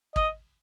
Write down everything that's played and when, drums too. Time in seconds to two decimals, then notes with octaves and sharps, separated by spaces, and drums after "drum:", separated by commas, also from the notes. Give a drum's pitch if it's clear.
0.16 D#5, drum: kick